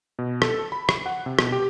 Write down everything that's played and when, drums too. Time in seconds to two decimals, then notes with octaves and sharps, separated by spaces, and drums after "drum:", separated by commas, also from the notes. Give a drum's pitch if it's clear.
0.19 B2
0.42 A4, drum: rim click
0.72 B5
0.89 drum: rim click
1.06 F#5
1.26 C3
1.39 B2, drum: rim click
1.52 G4